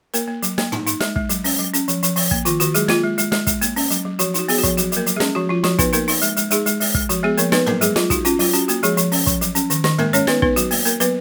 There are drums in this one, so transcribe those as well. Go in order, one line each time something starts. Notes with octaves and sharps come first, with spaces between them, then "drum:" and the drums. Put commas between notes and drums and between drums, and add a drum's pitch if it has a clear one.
A#3 A#4, drum: hi-hat
A#3
F#3, drum: hi-hat
A#3, drum: snare
D#4, drum: tom
D#4, drum: hi-hat
G#3, drum: snare
G#3, drum: kick
F#3, drum: hi-hat
C#4, drum: open hi-hat
F#3
C#4, drum: hi-hat
F3, drum: hi-hat
F3, drum: hi-hat
F3, drum: open hi-hat
A#3, drum: kick
D#3 F4, drum: hi-hat
D#3 F#4, drum: hi-hat
F#3 G#3 G#4, drum: hi-hat
A#3 F4, drum: snare
G#3
G#3, drum: hi-hat
G#3, drum: snare
G#3, drum: kick, hi-hat
A#3, drum: hi-hat
C#4, drum: open hi-hat
F#3, drum: hi-hat
F#3
F3 F#4, drum: hi-hat
D#4 F#4, drum: hi-hat
B3 G#4, drum: open hi-hat
F#4
F3, drum: kick, hi-hat
F#3 F#4, drum: hi-hat
F#3 A#3 A#4, drum: hi-hat
F#3, drum: hi-hat
G#3 G#4
C#4, drum: snare
F3 F#4
F3 F4
F3 F#4, drum: snare
B3 D#4 B4, drum: kick, hi-hat
A#3 D#4 A#4, drum: hi-hat
D#4, drum: open hi-hat
G#3, drum: hi-hat
G#3, drum: hi-hat
G#3 D#4 G#4, drum: hi-hat
G#3, drum: hi-hat
G#3, drum: open hi-hat
G#3, drum: kick
F3 F#4, drum: hi-hat
G#3 B3 G#4
F3 A#3 A#4, drum: hi-hat
B3 D#4 B4, drum: snare
F#3 A#3 A#4, drum: tom
F#3 G#3 G#4, drum: hi-hat
F#3 F4, drum: snare
D#4 F#4, drum: kick, hi-hat
C#4 F4, drum: hi-hat
F#3 F4, drum: open hi-hat
C#4 F#4, drum: hi-hat
A#3 F#4, drum: hi-hat
F3 G#3 G#4, drum: hi-hat
F3, drum: hi-hat
C#4, drum: open hi-hat
F3, drum: kick, hi-hat
F#3, drum: hi-hat
C#4, drum: hi-hat
D#3, drum: hi-hat
D#3, drum: snare
G#3 A#3 A#4, drum: tom
G#3 C#4 C#5, drum: hi-hat
B3 D#4 B4, drum: snare
B3 D#4 B4, drum: kick
F#3 F#4, drum: hi-hat
A#3, drum: open hi-hat
A#3 A#4, drum: hi-hat
F#3 B3 B4, drum: hi-hat